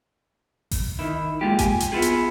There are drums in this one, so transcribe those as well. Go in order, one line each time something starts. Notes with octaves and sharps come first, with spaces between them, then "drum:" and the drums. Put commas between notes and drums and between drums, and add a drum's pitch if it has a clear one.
drum: kick G#1, open hi-hat
D#3 E4
G#3 A#3 F4 G4
G#5, drum: kick G#1, hi-hat
drum: hi-hat
B3 E4 F4 G#4
drum: hi-hat